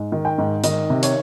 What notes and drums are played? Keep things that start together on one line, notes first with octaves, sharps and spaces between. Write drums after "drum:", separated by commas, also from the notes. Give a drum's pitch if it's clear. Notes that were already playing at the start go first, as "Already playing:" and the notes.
Already playing: G#2
D#3
G5
G#2
D#3 D#5, drum: hi-hat
C3
C#5, drum: hi-hat